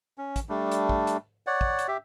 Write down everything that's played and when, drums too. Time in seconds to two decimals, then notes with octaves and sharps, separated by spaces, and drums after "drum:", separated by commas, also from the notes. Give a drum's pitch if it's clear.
0.18 C#4
0.36 drum: kick, hi-hat
0.49 G3 A3 D4
0.72 drum: hi-hat
0.89 drum: kick
1.07 drum: hi-hat
1.47 C#5 D5 F#5
1.61 drum: kick
1.79 drum: hi-hat
1.88 G4 E5